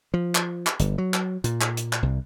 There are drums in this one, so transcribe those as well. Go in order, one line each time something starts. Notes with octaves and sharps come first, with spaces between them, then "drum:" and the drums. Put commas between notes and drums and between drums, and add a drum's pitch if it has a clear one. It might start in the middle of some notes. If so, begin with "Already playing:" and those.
F3
drum: clap
drum: clap
G1, drum: hi-hat
F#3
drum: clap
A#2, drum: hi-hat
drum: clap
drum: hi-hat
drum: clap
C2